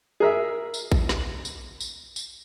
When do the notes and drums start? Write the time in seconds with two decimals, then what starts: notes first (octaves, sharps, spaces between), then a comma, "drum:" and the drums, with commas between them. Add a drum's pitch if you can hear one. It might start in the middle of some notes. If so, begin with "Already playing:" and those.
0.20 G#4 A#4 E5
0.74 drum: tambourine
0.92 drum: kick A#1
1.09 drum: snare
1.45 drum: tambourine
1.81 drum: tambourine
2.16 drum: tambourine